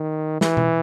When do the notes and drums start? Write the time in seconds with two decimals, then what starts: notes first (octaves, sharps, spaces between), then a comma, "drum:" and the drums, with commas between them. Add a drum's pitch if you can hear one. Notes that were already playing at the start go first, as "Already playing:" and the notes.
Already playing: D#3
0.41 E3, drum: snare
0.57 drum: tom B2